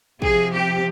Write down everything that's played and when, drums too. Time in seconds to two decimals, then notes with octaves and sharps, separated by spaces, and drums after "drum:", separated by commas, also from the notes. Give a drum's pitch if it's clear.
0.22 C3 F3 G#4, drum: kick
0.53 G4